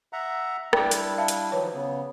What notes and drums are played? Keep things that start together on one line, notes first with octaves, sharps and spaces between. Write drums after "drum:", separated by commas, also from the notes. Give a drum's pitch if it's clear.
E5 F#5 A#5
G3 D4 E4 G5 D6, drum: rim click
drum: hi-hat
E5 F5 A5
drum: hi-hat
D#3 F3 F#3 B4 C#5
C#3 B3